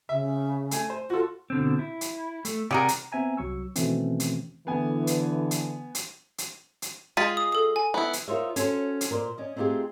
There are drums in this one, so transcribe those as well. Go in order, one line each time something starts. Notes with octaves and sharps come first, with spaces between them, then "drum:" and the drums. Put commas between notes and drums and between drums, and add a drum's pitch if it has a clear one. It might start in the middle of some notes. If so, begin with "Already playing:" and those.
C#3 E5
A3 G#5, drum: hi-hat
C5
F4 F#4 A4
B2 D3 C4
E4
drum: hi-hat
A3, drum: hi-hat
C3 G4 G#4 A#4 D5 F#5
drum: hi-hat
B3 C4 E5 G#5 A#5
C2 F#3 C#6 E6
B2 D#3 E3 A3 C4 C#4, drum: hi-hat
drum: hi-hat
D3 E3 B3 G#5
drum: hi-hat
drum: hi-hat
drum: hi-hat
drum: hi-hat
drum: hi-hat
G#3 F4 G#4 A6 B6 D#7
D#6
A4 D#6
G#5
B3 E4
drum: hi-hat
D#4 F4 A#4 C5 C#5 E5
C#4 F#4 A4 C5, drum: hi-hat
drum: hi-hat
A#2 A#4 C5 D5
C#4 D5 D#5
A3 C4 D#4 F4 G4 G#4